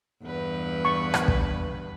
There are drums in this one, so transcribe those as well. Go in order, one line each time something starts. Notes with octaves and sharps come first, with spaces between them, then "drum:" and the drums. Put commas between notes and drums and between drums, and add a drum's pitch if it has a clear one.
E2 G2 B4
C#6
drum: rim click
drum: kick